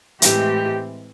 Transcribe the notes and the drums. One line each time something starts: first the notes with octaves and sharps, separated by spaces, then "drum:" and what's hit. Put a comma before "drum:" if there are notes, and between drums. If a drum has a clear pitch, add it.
A2 E3 G#3 C4 G4, drum: hi-hat